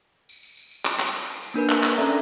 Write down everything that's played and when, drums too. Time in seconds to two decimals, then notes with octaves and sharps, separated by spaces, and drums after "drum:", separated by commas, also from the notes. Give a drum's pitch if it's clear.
0.29 drum: tambourine
0.43 drum: tambourine
0.57 drum: tambourine
0.71 drum: tambourine
0.85 drum: clap
0.99 drum: clap
1.13 drum: tambourine
1.27 drum: tambourine
1.41 drum: tambourine
1.54 A#3 D4 A#4 B4, drum: tambourine
1.69 drum: clap
1.83 drum: clap
1.97 C#4 A4 D5 E5 A#5, drum: tambourine